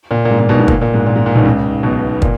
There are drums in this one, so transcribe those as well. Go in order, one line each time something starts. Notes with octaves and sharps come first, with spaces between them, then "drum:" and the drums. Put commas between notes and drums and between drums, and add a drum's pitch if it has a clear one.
A#2
A#2
G#2
A#2
B1 B2
G#2
A#2, drum: kick
A#2
G#2
A#2
G#2
A#2
B1 B2
C#2 C#3
B1 B2
A#2, drum: kick